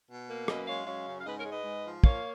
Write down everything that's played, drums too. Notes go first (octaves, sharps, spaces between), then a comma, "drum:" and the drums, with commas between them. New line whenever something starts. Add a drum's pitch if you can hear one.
B2
A#3
F#2 B4 D#5, drum: rim click
G#3 C#5 F5
F#2 C#5 F5
C#3
F5
G#2 B4 D#5
A#4 C#5
G#3
B4 D#5
G#2
F3
A#3 C#5 F5, drum: kick